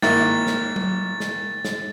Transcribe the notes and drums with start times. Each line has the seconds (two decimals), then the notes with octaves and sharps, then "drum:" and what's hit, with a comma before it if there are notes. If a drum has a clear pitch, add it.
0.02 G#1 A#3 E4 A6, drum: snare
0.47 drum: snare
0.76 drum: tom F#3
1.20 drum: snare
1.65 drum: snare